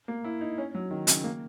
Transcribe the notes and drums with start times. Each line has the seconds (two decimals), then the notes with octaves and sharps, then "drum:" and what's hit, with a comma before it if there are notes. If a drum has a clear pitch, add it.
0.08 A#3
0.24 E4
0.41 D#4
0.58 C#4
0.75 F#3
0.91 D#3
1.07 C#3, drum: hi-hat
1.24 A#3